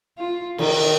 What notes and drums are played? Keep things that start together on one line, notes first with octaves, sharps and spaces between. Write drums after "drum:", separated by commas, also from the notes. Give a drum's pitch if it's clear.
F4
D#3, drum: cymbal